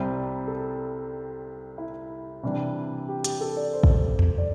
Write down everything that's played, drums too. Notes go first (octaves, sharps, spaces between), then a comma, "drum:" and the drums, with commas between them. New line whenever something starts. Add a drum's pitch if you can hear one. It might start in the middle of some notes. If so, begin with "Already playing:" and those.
Already playing: C2 C3 G3 C5
A4
E4
C3 E3 G3 D4
G4
G4, drum: hi-hat
A4
D5
C5
drum: kick
drum: tom E2
D5